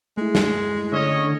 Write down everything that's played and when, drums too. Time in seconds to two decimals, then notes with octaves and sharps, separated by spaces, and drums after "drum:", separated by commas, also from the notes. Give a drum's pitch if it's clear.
0.18 G#3 A3 E4
0.35 drum: snare
0.92 D3 C#4 C#5 D#5